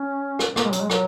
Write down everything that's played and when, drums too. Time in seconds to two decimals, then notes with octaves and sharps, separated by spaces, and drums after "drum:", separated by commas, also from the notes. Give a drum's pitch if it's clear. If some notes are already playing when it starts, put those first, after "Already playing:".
Already playing: C#4
0.39 drum: rim click
0.56 A#3, drum: rim click
0.64 G#3
0.72 F#3, drum: hi-hat
0.82 G#3
0.90 F#3, drum: rim click